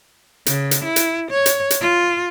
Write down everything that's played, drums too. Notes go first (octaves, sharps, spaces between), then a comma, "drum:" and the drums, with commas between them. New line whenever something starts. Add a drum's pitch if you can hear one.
C#3, drum: hi-hat
drum: hi-hat
E4
drum: hi-hat
C#5
drum: hi-hat
drum: hi-hat
F4